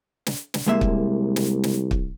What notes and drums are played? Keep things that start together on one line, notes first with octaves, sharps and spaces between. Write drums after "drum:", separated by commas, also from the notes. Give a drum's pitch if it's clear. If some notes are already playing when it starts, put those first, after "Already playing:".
drum: snare
drum: snare
C2 G#3 A#3 E5
drum: kick
drum: snare
drum: snare
drum: kick